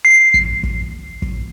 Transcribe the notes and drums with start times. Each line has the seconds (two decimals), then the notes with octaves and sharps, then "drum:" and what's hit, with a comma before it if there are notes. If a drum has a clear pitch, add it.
0.05 C7
0.34 drum: kick
0.63 drum: kick
1.22 drum: kick